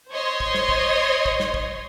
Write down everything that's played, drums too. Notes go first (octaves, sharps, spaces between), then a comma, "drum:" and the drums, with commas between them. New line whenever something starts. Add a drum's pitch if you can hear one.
C5 C#5 D#5 C6 G#6
drum: kick
drum: snare
drum: kick
drum: kick
drum: snare
drum: kick